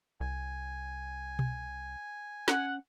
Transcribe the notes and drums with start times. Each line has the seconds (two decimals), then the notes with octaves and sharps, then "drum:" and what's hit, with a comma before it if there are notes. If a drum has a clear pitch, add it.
0.20 C2 G#5
1.39 drum: tom B2
2.48 C#4 F#5, drum: snare